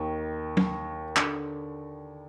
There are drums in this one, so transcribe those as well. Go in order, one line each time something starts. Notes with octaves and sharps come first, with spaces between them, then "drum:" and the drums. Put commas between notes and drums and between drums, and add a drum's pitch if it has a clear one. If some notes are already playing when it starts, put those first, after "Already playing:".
Already playing: D#2 D#3
drum: tom
D3, drum: clap